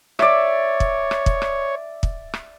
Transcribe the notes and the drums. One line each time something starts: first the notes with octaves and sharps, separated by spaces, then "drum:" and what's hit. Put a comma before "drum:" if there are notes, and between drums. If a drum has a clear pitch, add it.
C#5 D5 E5, drum: rim click
drum: kick
drum: rim click
drum: kick
drum: rim click
drum: kick
drum: rim click